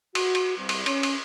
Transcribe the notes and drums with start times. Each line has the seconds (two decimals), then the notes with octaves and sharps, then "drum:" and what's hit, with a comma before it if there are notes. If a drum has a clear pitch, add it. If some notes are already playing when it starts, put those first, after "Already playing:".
0.15 F#4, drum: cymbal
0.35 drum: cymbal
0.58 C2
0.69 drum: cymbal
0.86 C#4, drum: cymbal
1.03 drum: cymbal